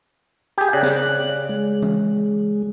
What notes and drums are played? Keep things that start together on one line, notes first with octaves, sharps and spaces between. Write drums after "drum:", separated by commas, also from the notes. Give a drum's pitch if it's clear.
G4 G#4
C#3 D5 F#6
drum: snare
G#3
drum: tom E3